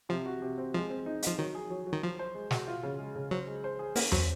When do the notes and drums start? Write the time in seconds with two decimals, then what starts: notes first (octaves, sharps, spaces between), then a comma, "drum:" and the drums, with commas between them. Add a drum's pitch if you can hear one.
0.09 C3 F3
0.26 F#4
0.42 C3
0.58 C4
0.74 F3 G#3
0.90 C4
1.06 D#4
1.22 F3 D#4, drum: hi-hat
1.38 D#3 F#3
1.55 G#4
1.70 F#3
1.87 F#3
1.93 D#3
2.02 F3 C5
2.19 C5
2.35 G#3
2.51 F#4, drum: snare
2.67 F4
2.83 C#3
2.99 G#3
3.15 C#3
3.31 F#3 C5
3.47 G#3
3.64 C5
3.79 G#4
3.96 A#3 C#4, drum: open hi-hat
4.12 F#3 C5, drum: tom E2